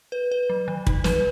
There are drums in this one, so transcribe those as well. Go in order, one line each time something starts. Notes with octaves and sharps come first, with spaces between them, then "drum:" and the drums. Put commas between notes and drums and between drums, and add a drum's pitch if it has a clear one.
B4
B4
F#3
D#3
D#4, drum: kick
B4, drum: snare